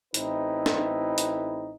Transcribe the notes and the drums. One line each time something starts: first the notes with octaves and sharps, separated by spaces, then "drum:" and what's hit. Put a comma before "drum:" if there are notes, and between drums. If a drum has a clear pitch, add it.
A1 A2 C4 D#4 E4 B4, drum: hi-hat
drum: snare
drum: hi-hat